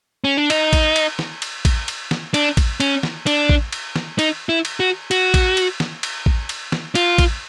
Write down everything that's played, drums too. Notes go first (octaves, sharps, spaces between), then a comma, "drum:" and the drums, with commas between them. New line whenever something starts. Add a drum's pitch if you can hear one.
C#4
D4
D#4, drum: cymbal
drum: kick A1, cymbal
drum: cymbal
drum: snare
drum: cymbal
drum: kick A1, cymbal
drum: cymbal
drum: snare
D4, drum: cymbal
drum: kick A1, cymbal
C#4, drum: cymbal
drum: snare
D4, drum: cymbal
drum: kick A1
drum: cymbal
drum: snare
D#4, drum: cymbal
E4
drum: cymbal
F#4
F#4, drum: cymbal
drum: kick A1, cymbal
drum: cymbal
drum: snare
drum: cymbal
drum: kick A1
drum: cymbal
drum: snare
F4, drum: cymbal
drum: kick A1, cymbal